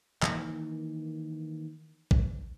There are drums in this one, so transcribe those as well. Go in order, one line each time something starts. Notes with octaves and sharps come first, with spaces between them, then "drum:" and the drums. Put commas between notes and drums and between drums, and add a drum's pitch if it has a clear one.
D#3 E3 A#3, drum: clap
drum: kick A1